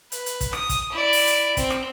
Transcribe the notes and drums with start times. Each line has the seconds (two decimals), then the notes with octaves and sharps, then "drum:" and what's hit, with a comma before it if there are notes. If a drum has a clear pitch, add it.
0.12 B4, drum: hi-hat
0.26 drum: hi-hat
0.41 drum: kick, hi-hat
0.53 D#6, drum: rim click
0.69 drum: kick, hi-hat
0.92 E4 D5
1.13 drum: open hi-hat
1.27 drum: hi-hat
1.57 C4, drum: kick, hi-hat
1.70 drum: rim click